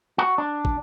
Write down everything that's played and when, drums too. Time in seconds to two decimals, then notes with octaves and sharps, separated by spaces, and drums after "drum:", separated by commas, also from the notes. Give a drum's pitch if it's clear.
0.18 F#4
0.38 D4
0.65 drum: kick